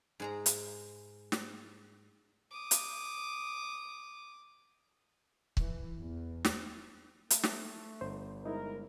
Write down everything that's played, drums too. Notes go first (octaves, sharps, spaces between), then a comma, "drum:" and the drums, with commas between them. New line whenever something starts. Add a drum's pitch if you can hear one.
G#2 G#3 A#5
drum: hi-hat
drum: snare
D6 D#6
drum: hi-hat
E3, drum: kick C#1
E2
drum: snare
A3, drum: hi-hat
drum: snare
G1 C5
G#3 D#4 E4 A#4